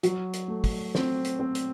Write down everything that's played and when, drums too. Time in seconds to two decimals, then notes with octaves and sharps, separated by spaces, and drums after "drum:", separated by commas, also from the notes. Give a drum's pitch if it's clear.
0.03 F#3, drum: hi-hat
0.33 drum: hi-hat
0.48 A3
0.64 drum: kick, open hi-hat
0.95 C4, drum: snare
1.25 drum: hi-hat
1.39 C4
1.55 drum: hi-hat